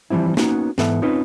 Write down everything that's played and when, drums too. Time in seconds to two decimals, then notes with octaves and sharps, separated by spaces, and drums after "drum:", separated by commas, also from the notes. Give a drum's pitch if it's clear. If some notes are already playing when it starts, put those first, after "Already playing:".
0.10 E3 F3 G3 C4 E4
0.37 A#3 B3 C#4 D#4 F#4, drum: snare
0.78 G#2 E3 B3 A4 E5, drum: snare
1.02 C4 C#4 D#4 F4 B4